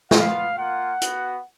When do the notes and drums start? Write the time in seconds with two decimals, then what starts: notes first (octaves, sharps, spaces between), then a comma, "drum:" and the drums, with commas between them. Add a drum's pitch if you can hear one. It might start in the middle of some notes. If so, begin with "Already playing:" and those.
0.11 B3 F4 F5, drum: snare
0.57 A#3 F4 F#5
1.02 B3 F#4, drum: hi-hat